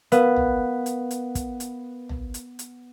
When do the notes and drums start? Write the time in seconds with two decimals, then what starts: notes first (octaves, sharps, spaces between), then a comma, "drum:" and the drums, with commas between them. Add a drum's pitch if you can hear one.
0.12 B3 A#4 B4 F5, drum: hi-hat
0.36 drum: tom
0.86 drum: hi-hat
1.11 drum: hi-hat
1.35 drum: kick, hi-hat
1.60 drum: hi-hat
2.09 drum: tom
2.34 drum: hi-hat
2.59 drum: hi-hat